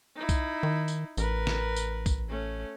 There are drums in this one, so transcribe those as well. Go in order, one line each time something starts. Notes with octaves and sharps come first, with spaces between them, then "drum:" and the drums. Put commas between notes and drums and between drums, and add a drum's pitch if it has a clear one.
D#4 E4
drum: kick B1, tambourine
D#3
drum: tambourine
A1 A#4 B4, drum: tambourine
drum: snare
drum: tambourine
drum: kick B1, tambourine
A3 C#4